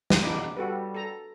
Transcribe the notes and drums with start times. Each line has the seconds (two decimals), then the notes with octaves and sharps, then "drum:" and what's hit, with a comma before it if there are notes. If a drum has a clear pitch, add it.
0.10 drum: snare
0.23 A#1 B2 D4 D#4 B5 D6
0.57 G3 F#4 A4 B4
0.94 A4 A#5